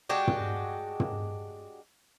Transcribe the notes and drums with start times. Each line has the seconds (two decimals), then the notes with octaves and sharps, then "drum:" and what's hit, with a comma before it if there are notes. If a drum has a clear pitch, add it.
0.09 G#3 D4 F#4 G4
0.27 drum: tom
1.00 drum: tom